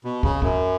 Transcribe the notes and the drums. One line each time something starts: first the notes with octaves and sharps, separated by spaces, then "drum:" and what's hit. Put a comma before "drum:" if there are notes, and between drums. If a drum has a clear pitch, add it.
B2
C#3, drum: kick
F#2, drum: kick